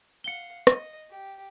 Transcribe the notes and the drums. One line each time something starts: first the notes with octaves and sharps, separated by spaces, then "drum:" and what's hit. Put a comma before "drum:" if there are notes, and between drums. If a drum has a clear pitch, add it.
F5 F#5 C#7 G7
D#5, drum: rim click
G4